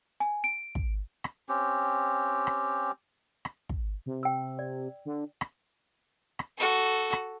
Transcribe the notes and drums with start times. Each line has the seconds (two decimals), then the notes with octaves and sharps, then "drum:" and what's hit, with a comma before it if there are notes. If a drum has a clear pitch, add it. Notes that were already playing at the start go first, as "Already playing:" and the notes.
0.20 G#5
0.44 D7
0.75 drum: kick
1.24 drum: rim click
1.49 C4 C#4 G4
2.47 drum: rim click
3.45 drum: rim click
3.69 drum: kick
4.06 C3
4.23 G5 E6
4.59 D5
5.05 D3
5.41 drum: rim click
6.39 drum: rim click
6.58 F#4 A4
7.13 drum: rim click